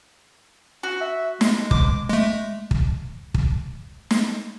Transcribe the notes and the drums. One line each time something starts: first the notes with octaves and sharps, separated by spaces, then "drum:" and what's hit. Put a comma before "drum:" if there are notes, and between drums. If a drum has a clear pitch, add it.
F#4
E5
G#3, drum: snare
D6, drum: kick
G#3 A3
drum: kick
drum: kick
drum: snare